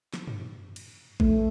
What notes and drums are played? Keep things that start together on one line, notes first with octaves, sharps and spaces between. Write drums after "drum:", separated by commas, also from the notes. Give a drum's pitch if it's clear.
drum: snare
drum: tom
drum: cymbal
A3, drum: kick A#1